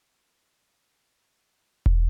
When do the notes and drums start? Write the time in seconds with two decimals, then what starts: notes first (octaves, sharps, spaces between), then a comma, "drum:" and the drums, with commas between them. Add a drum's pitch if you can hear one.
0.16 G4
0.73 A#3
1.41 A#4 F5 G#5 C#6
1.86 drum: kick E1